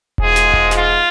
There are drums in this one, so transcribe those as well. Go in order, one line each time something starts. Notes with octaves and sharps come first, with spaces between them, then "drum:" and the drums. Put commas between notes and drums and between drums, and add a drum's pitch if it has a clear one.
G#2 F3 G#3 G#4, drum: kick E1
drum: snare
drum: kick E1
F4, drum: snare